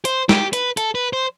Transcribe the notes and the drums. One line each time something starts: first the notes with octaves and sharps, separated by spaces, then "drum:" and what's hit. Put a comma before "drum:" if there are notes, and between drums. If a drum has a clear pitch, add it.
C5, drum: hi-hat
G4, drum: snare
B4, drum: hi-hat
A4, drum: hi-hat
B4
C5